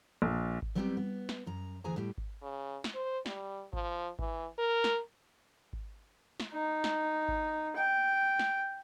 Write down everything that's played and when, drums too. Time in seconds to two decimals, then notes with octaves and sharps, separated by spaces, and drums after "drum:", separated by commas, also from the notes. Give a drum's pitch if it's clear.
0.22 A#1
0.62 drum: kick G#1
0.75 F#3 G3 B3 C4 D4 G4
0.97 B3
1.29 drum: snare
1.46 F#2 A#5
1.84 D2 E3 G#4 G#5 A#5
1.96 A2 G3 G4
2.18 drum: kick G#1
2.42 C#3
2.84 drum: snare
2.95 C5
3.26 G3, drum: snare
3.73 F3, drum: kick G#1
4.19 E3, drum: kick G#1
4.58 A#4
4.84 drum: snare
5.73 drum: kick G#1
6.40 drum: snare
6.53 D#4
6.84 drum: snare
7.28 drum: kick G#1
7.76 G5
8.39 drum: snare